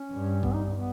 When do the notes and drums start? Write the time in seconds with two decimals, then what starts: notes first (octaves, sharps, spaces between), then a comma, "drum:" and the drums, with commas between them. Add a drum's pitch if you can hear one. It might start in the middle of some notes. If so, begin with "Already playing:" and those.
Already playing: C#4
0.11 G2
0.43 B3, drum: kick
0.53 D#4
0.74 B3